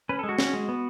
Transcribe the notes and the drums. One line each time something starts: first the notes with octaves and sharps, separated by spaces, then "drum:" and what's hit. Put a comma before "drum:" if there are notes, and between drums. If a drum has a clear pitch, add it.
C#4 B4
G#3 A4
F#4
C#4, drum: snare
G#3
B3